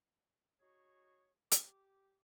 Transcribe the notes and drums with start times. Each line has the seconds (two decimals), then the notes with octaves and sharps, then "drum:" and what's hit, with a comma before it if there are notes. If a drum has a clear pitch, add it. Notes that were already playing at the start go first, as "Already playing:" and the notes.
0.60 D#4 F#4 G#4 C#5
1.51 G4 D6, drum: hi-hat